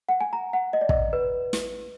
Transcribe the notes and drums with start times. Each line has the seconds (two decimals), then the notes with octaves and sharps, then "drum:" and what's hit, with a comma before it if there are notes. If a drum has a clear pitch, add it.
0.09 F#5
0.21 G#5
0.33 A#5
0.53 F#5
0.73 D#5
0.81 D5
0.89 D#5, drum: kick
1.13 B4
1.53 drum: snare